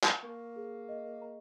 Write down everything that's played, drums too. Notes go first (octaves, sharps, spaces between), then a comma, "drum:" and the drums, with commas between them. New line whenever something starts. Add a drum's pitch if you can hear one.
drum: clap
A#3 C#6
G#4
D#5
A#5